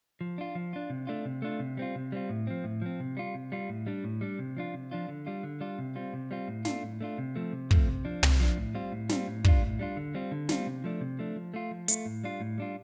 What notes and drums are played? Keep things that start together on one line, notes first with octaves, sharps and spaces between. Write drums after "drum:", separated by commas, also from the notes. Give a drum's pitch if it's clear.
F3
D4 F4
F3
D4 F4
C3
A3 D4 F4
C3
A3 D4 F4
C3
G3 C4 F4
C3
G3 C4 F4
A2
F3 C4
A2
F3 C4
C3
G3 F4
C3
G3 F4
A2
G3 D4
A2
G3 D4
C3
F3 D4 F4
C3
F3 D4 F4
D3
G3 D4 F4
D3
G3 D4 F4
C3
G3 C4 F4
C3
G3 C4 F4
A2
A3 D4 F4, drum: snare
A2
A3 D4 F4
C3
F3 A3 C4
C3
F3 A3 C4, drum: kick
C3
F3 D4
C3, drum: tom
F3 D4
A2
G3 C4 F4
A2
G3 C4 F4, drum: snare
A2
G3 D4 F4, drum: kick
A2
G3 D4 F4
D3
G3 C4 F4
D3
G3 C4 F4, drum: snare
C3
F3 A3 D4
C3
F3 A3 D4
F3
A3 F4
F3
A3 F4, drum: hi-hat
A2
G3 D4 F4
A2
G3 D4 F4